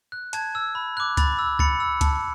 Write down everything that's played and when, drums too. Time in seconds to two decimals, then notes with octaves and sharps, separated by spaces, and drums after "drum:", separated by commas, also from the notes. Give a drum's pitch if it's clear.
0.12 F#6
0.33 A5 G#6, drum: hi-hat
0.55 E6
0.75 B5
0.97 D6 F#6
1.17 B5 A6, drum: kick, hi-hat
1.39 E6
1.59 B5 A6 C#7, drum: kick
1.80 E6
2.01 A5, drum: kick, hi-hat